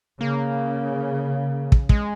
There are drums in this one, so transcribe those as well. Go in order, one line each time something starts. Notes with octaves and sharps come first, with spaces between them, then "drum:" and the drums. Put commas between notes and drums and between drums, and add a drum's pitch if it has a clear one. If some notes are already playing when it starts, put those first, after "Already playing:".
C#3 A#3
drum: kick
G#3, drum: kick